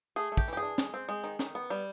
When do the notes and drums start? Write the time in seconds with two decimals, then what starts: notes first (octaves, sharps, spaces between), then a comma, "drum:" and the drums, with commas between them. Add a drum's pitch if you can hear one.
0.16 A3 G#4
0.32 A3
0.37 G4, drum: kick
0.48 E3 G4
0.57 G#4
0.63 D4
0.78 G#3, drum: snare
0.94 C4
1.09 G#3
1.24 D#3
1.39 D#3, drum: snare
1.55 B3
1.70 G3